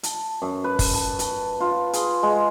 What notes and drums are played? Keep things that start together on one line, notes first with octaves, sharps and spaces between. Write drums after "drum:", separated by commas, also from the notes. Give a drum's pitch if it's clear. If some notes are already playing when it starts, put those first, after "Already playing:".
A5, drum: hi-hat
F#2
B4
drum: kick, open hi-hat
A5
A5, drum: hi-hat
F4
G#4, drum: hi-hat
G#3